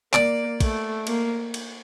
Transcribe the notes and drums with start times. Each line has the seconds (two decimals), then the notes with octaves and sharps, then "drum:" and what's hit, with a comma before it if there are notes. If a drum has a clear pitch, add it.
0.13 A#3 D5, drum: clap
0.60 A3, drum: kick, cymbal
1.07 A#3, drum: cymbal
1.54 drum: cymbal